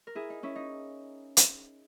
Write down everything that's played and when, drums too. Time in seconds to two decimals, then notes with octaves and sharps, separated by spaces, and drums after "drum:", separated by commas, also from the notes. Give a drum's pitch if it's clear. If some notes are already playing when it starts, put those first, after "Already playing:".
0.07 A#4
0.15 E4 G#4
0.30 D#4
0.43 C#4 E4
0.56 D#4
1.37 drum: hi-hat